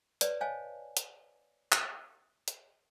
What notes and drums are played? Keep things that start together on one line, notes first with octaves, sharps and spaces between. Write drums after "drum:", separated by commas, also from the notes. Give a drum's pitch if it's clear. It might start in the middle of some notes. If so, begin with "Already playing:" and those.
B4 C#5 D5, drum: hi-hat
C5 C#5 D#5 F5 G#5 A5
drum: hi-hat
drum: clap
drum: hi-hat